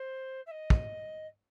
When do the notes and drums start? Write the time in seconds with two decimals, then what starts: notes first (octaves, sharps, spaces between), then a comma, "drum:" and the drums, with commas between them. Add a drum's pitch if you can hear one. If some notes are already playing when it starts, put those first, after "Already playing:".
Already playing: C5
0.46 E5
0.51 D#5
0.70 drum: kick